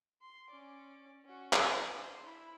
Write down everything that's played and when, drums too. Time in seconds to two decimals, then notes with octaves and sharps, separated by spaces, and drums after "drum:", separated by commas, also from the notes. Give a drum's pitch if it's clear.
0.22 C6
0.51 C#4 D5
1.25 C#4 F#4
1.53 drum: clap
1.63 B4
1.94 D4 C5
2.24 E4 B5